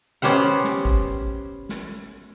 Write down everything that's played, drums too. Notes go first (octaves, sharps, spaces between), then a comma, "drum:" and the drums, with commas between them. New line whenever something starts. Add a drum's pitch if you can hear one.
B3 C#4 G4 C5 F#5
drum: snare
drum: kick A1
drum: snare